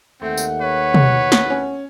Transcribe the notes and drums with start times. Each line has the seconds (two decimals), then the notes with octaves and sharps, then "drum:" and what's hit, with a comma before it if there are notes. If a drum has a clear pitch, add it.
0.22 D#2 A3 C4 F#5
0.37 drum: tambourine
0.61 B4 C#5
0.94 drum: tom
1.32 drum: snare
1.50 C#4